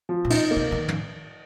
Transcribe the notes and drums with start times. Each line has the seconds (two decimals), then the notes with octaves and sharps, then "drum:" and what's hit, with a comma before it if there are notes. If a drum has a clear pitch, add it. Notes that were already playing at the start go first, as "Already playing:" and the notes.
0.09 F3
0.25 A#2
0.30 D#4, drum: cymbal
0.51 A#3
0.56 C3
0.72 D#3
0.88 drum: tom